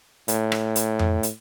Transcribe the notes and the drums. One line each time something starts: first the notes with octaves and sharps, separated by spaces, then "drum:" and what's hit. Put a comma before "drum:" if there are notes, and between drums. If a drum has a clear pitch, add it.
A2, drum: hi-hat
drum: rim click
drum: hi-hat
drum: tom F2
drum: hi-hat